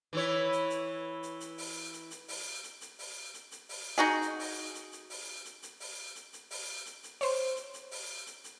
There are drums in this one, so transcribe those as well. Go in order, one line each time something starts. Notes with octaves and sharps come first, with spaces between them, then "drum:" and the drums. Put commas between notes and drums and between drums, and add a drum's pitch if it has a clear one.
E3 E4 C#5
drum: hi-hat
drum: hi-hat
drum: hi-hat
drum: hi-hat
drum: open hi-hat
drum: hi-hat
drum: hi-hat
drum: open hi-hat
drum: hi-hat
drum: hi-hat
drum: open hi-hat
drum: hi-hat
drum: hi-hat
drum: open hi-hat
D#4 F#4 G#4
drum: hi-hat
drum: open hi-hat
drum: hi-hat
drum: hi-hat
drum: open hi-hat
drum: hi-hat
drum: hi-hat
drum: open hi-hat
drum: hi-hat
drum: hi-hat
drum: open hi-hat
drum: hi-hat
drum: hi-hat
C5 C#5, drum: open hi-hat
drum: hi-hat
drum: hi-hat
drum: open hi-hat
drum: hi-hat
drum: hi-hat